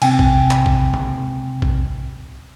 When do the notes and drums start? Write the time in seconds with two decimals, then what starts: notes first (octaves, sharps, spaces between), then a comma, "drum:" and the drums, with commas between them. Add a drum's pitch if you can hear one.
0.02 C3 C4 G5 G#5, drum: cymbal
0.19 drum: kick A#1
0.51 drum: clap
0.66 drum: kick A#1
0.94 drum: tom C3
1.62 drum: kick A#1